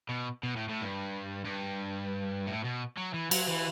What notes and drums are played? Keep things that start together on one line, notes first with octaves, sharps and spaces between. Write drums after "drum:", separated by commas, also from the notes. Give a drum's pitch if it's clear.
B2
B2
A2
A2
G2
G2
A2
B2
F#3
E3
F#3, drum: cymbal
E3